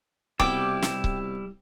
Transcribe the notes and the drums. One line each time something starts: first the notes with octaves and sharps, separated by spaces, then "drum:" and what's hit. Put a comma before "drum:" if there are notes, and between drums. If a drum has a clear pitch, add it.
C2 B2 G3 B3 E4 G5 D6, drum: kick C#1
drum: snare
drum: kick C#1